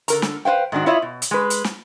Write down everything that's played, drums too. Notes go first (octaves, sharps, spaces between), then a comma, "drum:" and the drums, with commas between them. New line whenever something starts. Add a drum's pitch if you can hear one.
D3 A#4 A#5, drum: hi-hat
drum: snare
B4 C5 F5 G5
G#2 D#3 D4 F#4
E4 F4 C#5 D#5 E5
B2
drum: hi-hat
G#3 B4
drum: hi-hat
drum: snare